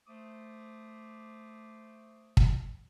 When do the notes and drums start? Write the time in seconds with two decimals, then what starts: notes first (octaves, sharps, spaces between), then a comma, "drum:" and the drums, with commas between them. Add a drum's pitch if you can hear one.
0.07 A3 C5 D6 D#6
2.37 drum: kick